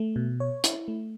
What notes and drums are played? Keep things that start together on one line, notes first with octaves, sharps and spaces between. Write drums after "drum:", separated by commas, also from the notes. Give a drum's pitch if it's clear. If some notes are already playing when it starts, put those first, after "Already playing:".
Already playing: A3
B2
C#5
E4, drum: hi-hat
A3